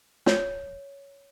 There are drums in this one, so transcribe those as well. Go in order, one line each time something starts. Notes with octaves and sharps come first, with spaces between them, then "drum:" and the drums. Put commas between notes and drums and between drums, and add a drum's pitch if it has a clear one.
C#5, drum: snare